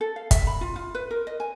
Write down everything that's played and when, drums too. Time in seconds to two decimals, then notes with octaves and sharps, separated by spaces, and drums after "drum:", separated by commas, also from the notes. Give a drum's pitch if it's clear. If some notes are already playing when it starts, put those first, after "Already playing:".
0.01 A4
0.16 F5
0.31 E5, drum: kick, hi-hat
0.47 B5
0.61 F4
0.76 F4
0.95 B4
1.11 A#4
1.27 D#5
1.40 G#5